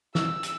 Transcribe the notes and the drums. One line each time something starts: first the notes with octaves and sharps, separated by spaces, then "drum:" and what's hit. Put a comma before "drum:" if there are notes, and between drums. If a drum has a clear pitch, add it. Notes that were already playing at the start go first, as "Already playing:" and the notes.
E6, drum: snare
drum: hi-hat